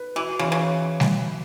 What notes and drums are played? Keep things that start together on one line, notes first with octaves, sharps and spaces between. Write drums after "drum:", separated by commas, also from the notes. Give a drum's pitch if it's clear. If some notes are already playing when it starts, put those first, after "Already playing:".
Already playing: B4
E3 F#4
C#3 E3
C#3
drum: snare